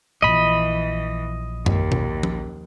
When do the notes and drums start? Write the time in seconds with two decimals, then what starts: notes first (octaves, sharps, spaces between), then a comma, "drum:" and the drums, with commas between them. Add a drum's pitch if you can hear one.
0.22 A#1 E3 D#5 B5
1.66 D#2, drum: tom F#2
1.92 drum: tom B2
2.23 drum: tom F3